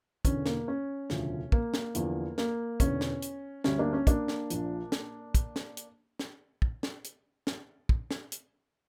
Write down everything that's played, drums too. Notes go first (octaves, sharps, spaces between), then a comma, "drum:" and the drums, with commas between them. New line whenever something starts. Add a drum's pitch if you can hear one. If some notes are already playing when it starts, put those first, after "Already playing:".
E1 E2 D3 C#4, drum: kick, hi-hat
A#3, drum: snare
C#4
E1 D2 C#3 F3, drum: snare
A#3, drum: kick
drum: snare
E2 D3 F3, drum: hi-hat
A#3, drum: snare
E1 E2 D3 C#4, drum: kick, hi-hat
drum: snare
drum: hi-hat
D2 D3 G3 C#4, drum: snare
A#3 D4
C#4
A#3 D4, drum: kick, hi-hat
drum: snare
A#1 A#2 F3, drum: hi-hat
drum: snare
drum: kick, hi-hat
drum: snare
drum: hi-hat
drum: snare
drum: kick
drum: snare
drum: hi-hat
drum: snare
drum: kick
drum: snare
drum: hi-hat